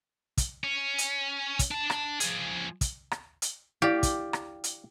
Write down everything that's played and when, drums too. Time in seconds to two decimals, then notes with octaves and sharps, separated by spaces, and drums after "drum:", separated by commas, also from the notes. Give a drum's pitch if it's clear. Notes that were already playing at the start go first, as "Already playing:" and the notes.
0.37 drum: kick, hi-hat
0.64 C#4
0.98 drum: hi-hat
1.59 drum: kick, hi-hat
1.71 D4 A5
1.90 drum: rim click
2.20 F3 G#4, drum: hi-hat
2.81 drum: kick, hi-hat
3.11 drum: rim click
3.42 drum: hi-hat
3.82 E4 G4 D5 F5
4.03 drum: kick, hi-hat
4.33 drum: rim click
4.64 drum: hi-hat